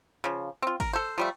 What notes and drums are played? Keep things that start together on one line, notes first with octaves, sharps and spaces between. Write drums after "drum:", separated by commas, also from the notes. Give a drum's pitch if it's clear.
C#3 F3
C4 F4
A#4, drum: kick G#1, cymbal
A4 C5
F3 G3 A3